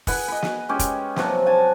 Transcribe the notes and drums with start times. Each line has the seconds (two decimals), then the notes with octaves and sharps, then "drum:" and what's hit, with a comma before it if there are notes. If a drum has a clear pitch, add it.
0.07 G#4 B4 F#5 B5, drum: kick, open hi-hat
0.28 B4 D#5
0.42 drum: snare
0.69 G#3 C#4 G4 C#5
0.79 drum: kick, hi-hat
1.16 C3 F3 F#3 F#4, drum: snare
1.46 F#5 G#5 A5